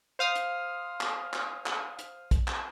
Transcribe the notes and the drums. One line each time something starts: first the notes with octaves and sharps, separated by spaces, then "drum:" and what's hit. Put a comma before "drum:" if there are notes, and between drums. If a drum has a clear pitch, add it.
C5 F5 D#6 F6
drum: hi-hat
drum: clap
drum: clap
drum: clap
drum: hi-hat
drum: kick, hi-hat
drum: clap